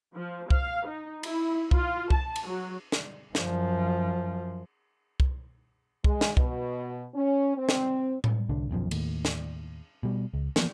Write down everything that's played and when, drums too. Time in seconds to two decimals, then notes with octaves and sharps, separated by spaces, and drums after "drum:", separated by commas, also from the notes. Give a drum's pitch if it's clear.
0.15 F3
0.50 F5, drum: kick C2
0.86 D#4
1.23 E4, drum: cymbal
1.71 F4, drum: kick C2
2.10 A5, drum: kick C2
2.36 drum: cymbal
2.46 F#3
2.92 drum: snare
3.35 F#2 F3, drum: snare
5.20 drum: kick C2
6.04 G#3, drum: kick C2
6.21 drum: snare
6.37 B2, drum: kick C2
7.15 C#4
7.57 C4
7.69 drum: snare
8.24 drum: tom A2
8.49 C2 D3 D4
8.69 D#1 B1 F#2 F3
8.91 D#2 A2, drum: cymbal
9.25 drum: snare
10.03 B2 G3
10.34 C#2
10.56 E3 F3 A#3 B3, drum: snare